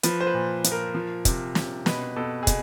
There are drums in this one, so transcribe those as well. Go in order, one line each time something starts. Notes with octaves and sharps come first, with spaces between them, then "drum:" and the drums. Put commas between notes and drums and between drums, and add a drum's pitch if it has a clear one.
F3 B4, drum: hi-hat
C5
B4
A#2
F3, drum: hi-hat
A#4
F3
C3, drum: kick, hi-hat
C3, drum: snare
B2 B4, drum: snare
B2 A4
G#4
B2, drum: kick, hi-hat